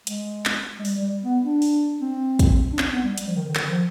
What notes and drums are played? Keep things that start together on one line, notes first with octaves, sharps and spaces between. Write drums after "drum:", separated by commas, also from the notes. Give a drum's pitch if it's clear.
G#3, drum: hi-hat
drum: clap
G#3
G3, drum: open hi-hat
G3
B3
D4
drum: open hi-hat
C4
drum: kick, hi-hat
D4
C4, drum: clap
B3
G3
G3, drum: hi-hat
F3
D#3
D3
D#3, drum: clap
F3